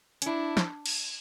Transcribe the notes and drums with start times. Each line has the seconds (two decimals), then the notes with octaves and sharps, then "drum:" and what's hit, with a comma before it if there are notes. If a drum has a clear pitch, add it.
0.22 C#4, drum: hi-hat
0.26 D4 E4
0.57 drum: snare
0.86 drum: cymbal